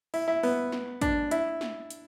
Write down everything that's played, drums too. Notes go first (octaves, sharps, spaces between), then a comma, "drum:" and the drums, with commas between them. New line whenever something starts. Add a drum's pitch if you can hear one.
E4, drum: open hi-hat
E4
B3, drum: open hi-hat
drum: snare
D4, drum: kick, hi-hat
E4, drum: hi-hat
drum: snare
drum: hi-hat